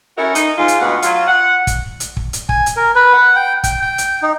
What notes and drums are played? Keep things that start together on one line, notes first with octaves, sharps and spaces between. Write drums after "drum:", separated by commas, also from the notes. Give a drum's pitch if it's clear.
C#4 E4 F#4 A4 A#4
D#4, drum: hi-hat
G#2 G#3 F4
drum: hi-hat
D2 B2 F5 F#5
F#3 F4, drum: hi-hat
F#5
drum: kick, hi-hat
drum: hi-hat
drum: kick
drum: hi-hat
G#5, drum: kick
drum: hi-hat
A#4
B4
F#5
G5
G5, drum: kick, hi-hat
G5
drum: hi-hat
D#4